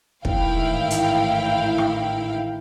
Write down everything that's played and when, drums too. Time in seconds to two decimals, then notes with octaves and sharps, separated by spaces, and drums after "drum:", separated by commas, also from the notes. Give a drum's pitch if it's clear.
0.25 A1 G#2 D#3 E4 F5 G5, drum: kick
0.90 drum: hi-hat
1.78 drum: rim click